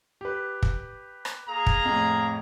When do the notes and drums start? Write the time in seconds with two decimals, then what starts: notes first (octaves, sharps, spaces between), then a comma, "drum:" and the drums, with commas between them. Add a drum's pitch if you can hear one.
0.21 G4 B4
0.63 drum: kick
1.25 drum: rim click
1.47 A#3 G#4 A#5
1.67 drum: kick
1.85 F2 A2